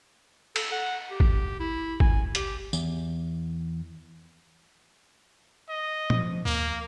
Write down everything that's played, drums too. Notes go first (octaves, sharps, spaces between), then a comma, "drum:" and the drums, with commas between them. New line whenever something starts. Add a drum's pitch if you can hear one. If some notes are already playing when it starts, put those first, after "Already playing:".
A4, drum: cymbal
F#5
G4
drum: kick
E4
G#5, drum: kick
G4, drum: hi-hat
E2, drum: tambourine
D#5
F3, drum: tom
D#2 A#3